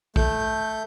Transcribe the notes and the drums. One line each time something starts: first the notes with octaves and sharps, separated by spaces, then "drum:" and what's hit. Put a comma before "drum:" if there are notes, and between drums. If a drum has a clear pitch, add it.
A3 G6, drum: kick A#1